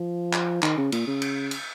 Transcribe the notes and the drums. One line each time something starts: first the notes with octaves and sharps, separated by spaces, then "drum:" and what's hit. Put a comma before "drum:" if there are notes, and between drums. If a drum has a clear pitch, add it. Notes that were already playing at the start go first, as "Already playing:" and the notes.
Already playing: F3
drum: clap
D#3, drum: clap
C#3
A#2, drum: cymbal
C#3
drum: cymbal
drum: cymbal